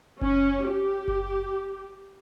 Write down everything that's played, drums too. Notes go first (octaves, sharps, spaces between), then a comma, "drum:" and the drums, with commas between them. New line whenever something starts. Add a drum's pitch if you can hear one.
C#4, drum: kick F#1
G4
drum: kick F#1